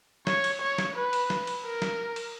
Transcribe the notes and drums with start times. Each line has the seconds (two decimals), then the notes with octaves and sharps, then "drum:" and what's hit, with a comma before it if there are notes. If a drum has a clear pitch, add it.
0.27 C#5, drum: snare
0.44 drum: cymbal
0.62 C#5
0.78 drum: snare
0.96 B4
1.13 drum: cymbal
1.30 drum: snare
1.47 drum: cymbal
1.65 A#4
1.82 drum: snare
2.16 drum: cymbal